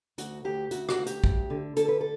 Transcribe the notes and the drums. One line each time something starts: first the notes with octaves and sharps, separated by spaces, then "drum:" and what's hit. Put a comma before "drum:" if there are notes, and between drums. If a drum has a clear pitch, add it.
D2 F#4, drum: hi-hat
D2 G4
D2 F#4, drum: hi-hat
F#4, drum: rim click
D2
G4, drum: hi-hat
D2, drum: kick
D3
D3 A4, drum: hi-hat
B4
A4